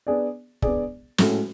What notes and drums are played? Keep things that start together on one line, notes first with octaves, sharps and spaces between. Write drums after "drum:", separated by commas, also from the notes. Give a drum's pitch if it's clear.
B3 D4 G#4 D5
B3 D4 G#4 D5, drum: kick
A2 G#3 C#4 F#4 A4, drum: snare